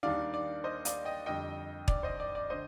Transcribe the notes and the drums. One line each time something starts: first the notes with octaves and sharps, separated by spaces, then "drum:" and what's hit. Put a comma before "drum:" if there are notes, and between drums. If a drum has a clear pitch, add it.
D#2 D#3 G3 D4 D5 F5
D5
C5 D#5
D5 F5, drum: hi-hat
D#5 G5
F2 D3 G3 D#5 G5
D5, drum: kick
C5 D#5
D5
D5
D3 C5 D#5